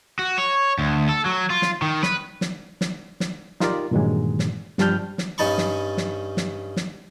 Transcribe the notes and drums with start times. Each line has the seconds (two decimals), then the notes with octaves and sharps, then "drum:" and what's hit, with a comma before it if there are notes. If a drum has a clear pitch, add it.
0.19 F#4
0.38 C#5
0.78 D2
1.09 A4
1.26 F#3
1.50 F4
1.62 drum: snare
1.82 D#3
2.03 B4, drum: snare
2.41 drum: snare
2.81 drum: snare
3.20 drum: snare
3.60 D#4 F4 G4 A#4 D5, drum: snare
3.91 G2 A#2 D#3 E3 F#3 G#3
4.39 drum: snare
4.78 G2 F3 G3 A5 F6 G6, drum: snare
5.18 drum: snare
5.38 G2 C#4 D#4 A5 B5 C#6
5.58 drum: snare
5.97 drum: snare
6.37 drum: snare
6.76 drum: snare